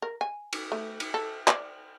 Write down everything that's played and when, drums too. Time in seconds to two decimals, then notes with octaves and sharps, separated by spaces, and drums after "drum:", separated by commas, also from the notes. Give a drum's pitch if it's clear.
0.02 A#4
0.21 G#5
0.53 drum: cymbal
0.72 A3
1.00 drum: cymbal
1.14 A4
1.48 D5, drum: clap